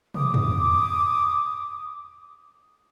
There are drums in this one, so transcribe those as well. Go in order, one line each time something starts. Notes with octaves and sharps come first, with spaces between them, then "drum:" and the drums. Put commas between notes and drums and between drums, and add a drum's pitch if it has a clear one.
D6 D#6, drum: tom
drum: tom